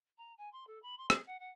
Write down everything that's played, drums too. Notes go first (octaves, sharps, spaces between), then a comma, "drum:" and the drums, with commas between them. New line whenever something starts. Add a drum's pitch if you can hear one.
A#5
G#5
C6
A4
B5
C6
G#4, drum: rim click
F#5
F#5